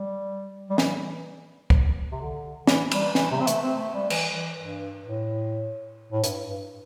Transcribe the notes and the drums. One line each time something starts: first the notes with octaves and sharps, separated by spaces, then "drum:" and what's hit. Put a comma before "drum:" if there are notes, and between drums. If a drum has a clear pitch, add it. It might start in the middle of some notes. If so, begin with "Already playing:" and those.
Already playing: G3
G3
E3, drum: snare
drum: kick
C3
D3
E3, drum: snare
G3, drum: cymbal
E3, drum: snare
C3
C4
A3, drum: hi-hat
C4
A3
G3
E3, drum: cymbal
E3
G2
A2
A2
G2, drum: hi-hat
G2